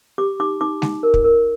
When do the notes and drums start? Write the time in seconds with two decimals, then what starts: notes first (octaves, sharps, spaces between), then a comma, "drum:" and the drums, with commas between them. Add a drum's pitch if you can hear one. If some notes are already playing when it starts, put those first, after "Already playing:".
0.18 G4 D6
0.40 D#4 D6
0.61 D#4 D6
0.82 D#4, drum: snare G#3
1.03 A#4
1.14 drum: kick
1.24 A#4